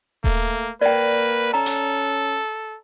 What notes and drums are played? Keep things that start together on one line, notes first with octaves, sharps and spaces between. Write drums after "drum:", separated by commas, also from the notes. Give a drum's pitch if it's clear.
A3 A#3, drum: kick D#1
A#3 B4 D5 G5
C#4 A4 A#5
drum: hi-hat